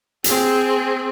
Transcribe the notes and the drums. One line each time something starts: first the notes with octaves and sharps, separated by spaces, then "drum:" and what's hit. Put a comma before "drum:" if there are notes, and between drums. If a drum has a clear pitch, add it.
C4 G#4, drum: hi-hat